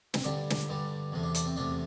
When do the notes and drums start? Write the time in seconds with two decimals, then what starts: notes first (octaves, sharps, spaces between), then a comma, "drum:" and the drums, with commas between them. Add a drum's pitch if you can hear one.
0.14 C4, drum: snare
0.24 G2 D3 G3 D4
0.50 drum: snare
0.68 G2 D3 G3
1.12 E2 C3 A3
1.23 D4
1.35 D4, drum: hi-hat
1.45 C4
1.56 E2 C3 A3 D4